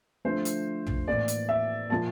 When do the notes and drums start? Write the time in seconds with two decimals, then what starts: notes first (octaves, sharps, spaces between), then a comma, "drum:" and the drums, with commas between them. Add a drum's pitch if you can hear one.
0.25 D3 F3 A3 C5
0.45 drum: hi-hat
0.87 drum: tom
1.08 A2 E3 A#3 D5
1.28 drum: hi-hat
1.49 E5
1.89 A#2 F3 A#3 A5